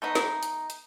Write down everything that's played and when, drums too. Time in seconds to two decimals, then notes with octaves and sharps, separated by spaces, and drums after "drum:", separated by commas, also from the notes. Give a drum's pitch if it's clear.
0.02 A3 B3 D#4
0.15 drum: snare
0.43 drum: hi-hat
0.70 drum: hi-hat